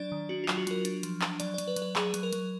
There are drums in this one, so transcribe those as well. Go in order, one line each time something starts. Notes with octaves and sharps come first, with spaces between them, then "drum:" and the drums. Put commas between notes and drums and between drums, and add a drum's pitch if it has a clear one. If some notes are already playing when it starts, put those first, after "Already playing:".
Already playing: F#3 D4 D5
D#3
D4 F#4
F4
F#3, drum: clap
F#4
F#3 A#4, drum: hi-hat
D4, drum: hi-hat
F3, drum: hi-hat
D4, drum: clap
F#3 D5, drum: hi-hat
D5
F#3, drum: hi-hat
B4
F#3, drum: hi-hat
B4
F#3 G#4, drum: clap
F#3, drum: hi-hat
A#4
F#3, drum: hi-hat